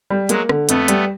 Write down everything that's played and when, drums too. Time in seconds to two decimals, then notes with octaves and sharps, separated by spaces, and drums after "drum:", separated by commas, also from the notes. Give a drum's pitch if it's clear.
0.10 G3
0.29 F#3 G#3 A#3, drum: hi-hat
0.49 D3, drum: rim click
0.69 F2 A3 B3, drum: hi-hat
0.88 G3, drum: hi-hat